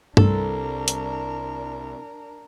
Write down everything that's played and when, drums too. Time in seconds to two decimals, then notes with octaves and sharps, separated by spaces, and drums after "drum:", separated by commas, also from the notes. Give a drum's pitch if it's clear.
0.17 C2 G3 D4 A4 A#4, drum: tom G2
0.88 drum: hi-hat